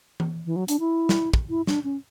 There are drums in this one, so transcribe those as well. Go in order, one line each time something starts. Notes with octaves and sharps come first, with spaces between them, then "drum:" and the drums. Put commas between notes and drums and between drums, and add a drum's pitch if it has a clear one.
drum: tom E3
E3
F#3
D4, drum: hi-hat
E4
drum: snare
drum: kick
E4
D4, drum: snare
C#4